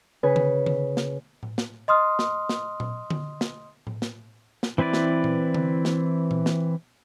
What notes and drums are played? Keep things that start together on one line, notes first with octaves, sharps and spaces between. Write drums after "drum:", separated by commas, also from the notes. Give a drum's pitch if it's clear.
C#3 B4 G#5
drum: tom D3
drum: tom D3
drum: snare
drum: tom A2
drum: snare
D#5 C6 D#6 F6
drum: snare
drum: snare
drum: tom A#2
drum: tom D3
drum: snare
drum: tom A2
drum: snare
drum: snare
E3 C4 E4 B4 D5
drum: snare
drum: tom A#2
drum: tom D3
drum: snare
drum: tom A#2
drum: snare